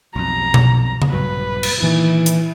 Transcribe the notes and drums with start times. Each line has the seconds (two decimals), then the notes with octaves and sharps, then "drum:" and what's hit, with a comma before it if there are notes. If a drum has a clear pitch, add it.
0.16 B1 F2 A#5
0.54 drum: tom B2
1.02 drum: tom C#3
1.12 A#1 G2 F#3 B4
1.63 drum: cymbal
1.82 A#2 D#3 E3 E4
2.26 drum: hi-hat